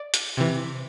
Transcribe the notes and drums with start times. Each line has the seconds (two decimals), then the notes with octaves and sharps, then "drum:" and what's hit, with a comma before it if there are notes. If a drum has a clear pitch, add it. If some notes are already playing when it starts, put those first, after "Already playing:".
Already playing: D5
0.14 drum: hi-hat
0.37 C3 E3